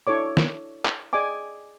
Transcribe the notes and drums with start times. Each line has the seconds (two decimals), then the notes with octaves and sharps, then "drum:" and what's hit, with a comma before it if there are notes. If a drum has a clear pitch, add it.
0.07 D4 E4 A4 C#5 D6
0.37 drum: snare
0.85 drum: clap
1.13 G#4 D5 D#5 G#5 D6